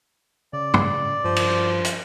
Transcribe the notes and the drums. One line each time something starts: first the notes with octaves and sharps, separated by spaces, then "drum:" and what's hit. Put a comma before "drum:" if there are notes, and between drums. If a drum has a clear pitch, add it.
C#3 D5
drum: tom
G2 F3
drum: cymbal
drum: hi-hat